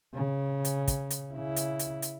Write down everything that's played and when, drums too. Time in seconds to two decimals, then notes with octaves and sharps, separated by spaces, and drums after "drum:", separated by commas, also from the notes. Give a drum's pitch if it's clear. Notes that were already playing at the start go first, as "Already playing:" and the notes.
0.14 C#3
0.65 drum: hi-hat
0.88 drum: kick, hi-hat
1.10 drum: hi-hat
1.33 C#3 E4
1.56 drum: hi-hat
1.79 drum: hi-hat
2.02 drum: hi-hat